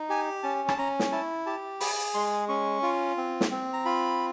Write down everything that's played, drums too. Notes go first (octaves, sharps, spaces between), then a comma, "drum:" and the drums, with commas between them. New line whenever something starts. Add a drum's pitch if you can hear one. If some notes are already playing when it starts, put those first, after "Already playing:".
Already playing: D#4
G4 G#5
C#4 A5
A5, drum: rim click
C#4 A#5
drum: snare
E4 A5
G4 A5
G#4 B5, drum: open hi-hat
G#3 C6
C#4 C#6
F4
C4
drum: snare
C4
A#5
F4 B5